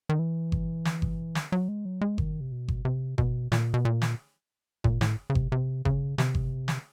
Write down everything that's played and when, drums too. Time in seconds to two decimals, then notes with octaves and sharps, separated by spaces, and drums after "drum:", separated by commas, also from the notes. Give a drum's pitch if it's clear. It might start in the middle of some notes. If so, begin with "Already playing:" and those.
0.09 D#3
0.19 E3
0.52 drum: kick G1
0.85 drum: snare
1.02 drum: kick G1
1.35 drum: snare
1.52 F#3
1.68 G#3
1.85 F#3
2.01 G#3
2.18 D#3, drum: kick G1
2.41 C3
2.52 B2
2.68 drum: kick G1
2.85 C3
3.18 B2, drum: kick G1
3.52 A#2, drum: snare
3.74 B2
3.85 A#2
4.02 drum: snare
4.84 A#2, drum: kick G1
5.01 A2, drum: snare
5.30 C#3
5.35 C3, drum: kick G1
5.52 C3
5.85 C#3, drum: kick G1
6.18 C3, drum: snare
6.35 drum: kick G1
6.68 drum: snare